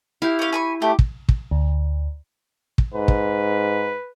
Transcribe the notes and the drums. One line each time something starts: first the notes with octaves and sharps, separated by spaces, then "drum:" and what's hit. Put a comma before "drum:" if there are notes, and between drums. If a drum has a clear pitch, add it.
E4 G4 F5
C#4 F5
G#5 B5 C#6
A3 G4
drum: kick
drum: kick
D2
drum: kick
G#2 B4
drum: kick